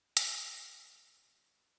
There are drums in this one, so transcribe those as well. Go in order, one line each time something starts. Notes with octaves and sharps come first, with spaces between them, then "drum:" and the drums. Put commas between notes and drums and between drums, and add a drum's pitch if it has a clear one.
A3 E4 B4 D5, drum: hi-hat